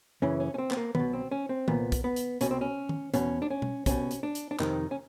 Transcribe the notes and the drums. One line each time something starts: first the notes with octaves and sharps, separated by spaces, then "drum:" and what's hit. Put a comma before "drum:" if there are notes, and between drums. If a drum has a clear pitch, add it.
F#2 C#3 E3 C#4
C#4
C#4
C4
B3, drum: clap
A#3
B1 B2 B3, drum: tom D#3
C4
C#4
C4
C2 A#2 B3, drum: tom D#3
drum: kick, hi-hat
B3
drum: hi-hat
C2 B2 C#4, drum: hi-hat
C4
C#4
drum: tom D#3
E2 B2 C#4, drum: hi-hat
D4
C#4
drum: tom B2
C2 B2 C#4, drum: kick, hi-hat
drum: hi-hat
D4
drum: hi-hat
D4
F2 C3 D#3 D#4, drum: clap
C#4